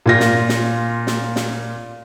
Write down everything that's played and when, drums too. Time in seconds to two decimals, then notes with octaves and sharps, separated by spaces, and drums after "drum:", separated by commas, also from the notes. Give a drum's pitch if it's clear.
0.06 A#2 F4 A#6
0.20 drum: snare
0.49 drum: snare
1.07 drum: snare
1.36 drum: snare